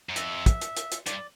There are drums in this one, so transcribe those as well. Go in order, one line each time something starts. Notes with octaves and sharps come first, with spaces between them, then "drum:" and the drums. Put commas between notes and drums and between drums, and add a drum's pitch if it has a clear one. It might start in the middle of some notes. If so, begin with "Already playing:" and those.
F#2
F2 E5, drum: hi-hat
drum: kick, hi-hat
drum: hi-hat
drum: hi-hat
drum: hi-hat
G2 D5, drum: hi-hat